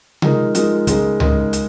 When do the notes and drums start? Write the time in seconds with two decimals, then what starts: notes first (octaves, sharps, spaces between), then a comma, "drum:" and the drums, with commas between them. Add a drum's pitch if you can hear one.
0.22 F3 G#3 D#4 A#4, drum: tom C3
0.55 F3 G#3 D#4 A#4, drum: hi-hat
0.87 C#3 G#3 D#4 A#4, drum: kick, hi-hat
1.20 C#3 G#3 D#4 A#4, drum: tom C#2
1.53 drum: hi-hat